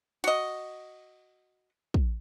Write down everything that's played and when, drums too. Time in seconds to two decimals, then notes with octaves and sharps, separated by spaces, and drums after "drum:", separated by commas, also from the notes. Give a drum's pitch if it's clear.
0.24 F#4 D#5, drum: cymbal
1.94 drum: kick